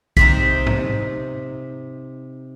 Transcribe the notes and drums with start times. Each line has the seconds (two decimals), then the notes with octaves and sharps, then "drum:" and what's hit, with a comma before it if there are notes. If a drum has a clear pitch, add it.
0.17 C3 C4 D#4 B6, drum: kick B1
0.66 drum: tom G#2